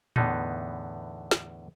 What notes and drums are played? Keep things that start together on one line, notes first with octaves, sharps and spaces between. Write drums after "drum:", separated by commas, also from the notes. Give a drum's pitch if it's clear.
E2 A2 D3 B3 D#4, drum: tom A2
drum: snare